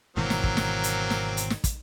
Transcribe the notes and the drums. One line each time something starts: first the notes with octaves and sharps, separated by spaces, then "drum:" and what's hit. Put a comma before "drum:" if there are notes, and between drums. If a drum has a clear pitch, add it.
G#1 B2 E3 F#3 A#3 C4
drum: snare
drum: kick
drum: snare
drum: hi-hat
drum: snare
drum: hi-hat
drum: snare
drum: kick, hi-hat